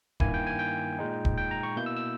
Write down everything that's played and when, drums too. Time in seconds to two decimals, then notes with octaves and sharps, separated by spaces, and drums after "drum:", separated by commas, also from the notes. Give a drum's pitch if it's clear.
0.20 G2 D#3 A#3 E4 G#5, drum: kick
0.34 G5
0.47 G#5
0.59 G5
0.99 A#2 G#3 D#4
1.25 drum: kick
1.38 G5
1.51 A#5
1.63 C#6
1.77 B2 A#3 E4 G6
1.86 E6
1.96 E6